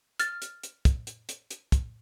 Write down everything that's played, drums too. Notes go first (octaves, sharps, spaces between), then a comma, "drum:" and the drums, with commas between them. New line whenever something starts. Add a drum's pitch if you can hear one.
F6 A6, drum: hi-hat
drum: hi-hat
drum: hi-hat
drum: kick, hi-hat
drum: hi-hat
drum: hi-hat
drum: hi-hat
drum: kick, hi-hat